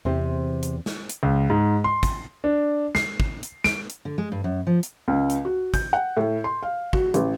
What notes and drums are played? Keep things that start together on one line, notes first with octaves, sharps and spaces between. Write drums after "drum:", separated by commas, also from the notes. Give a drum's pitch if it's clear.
E2 C3 C4 G4
drum: hi-hat
drum: snare
drum: hi-hat
C#2
G#2
C6
drum: kick, hi-hat
D4
C7, drum: snare
drum: kick
drum: hi-hat
D7, drum: snare
drum: hi-hat
D3
G#3
G2
F#2
F3
drum: hi-hat
C#2
drum: hi-hat
F#4
G6, drum: kick, hi-hat
F#5
A2
C6
F5
F#4, drum: kick
A1, drum: hi-hat